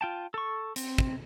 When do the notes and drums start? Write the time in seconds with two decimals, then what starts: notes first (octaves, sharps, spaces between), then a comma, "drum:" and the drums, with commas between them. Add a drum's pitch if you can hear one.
0.01 F4 G5 A5
0.34 A4 C#6
0.76 C4, drum: hi-hat
0.98 drum: kick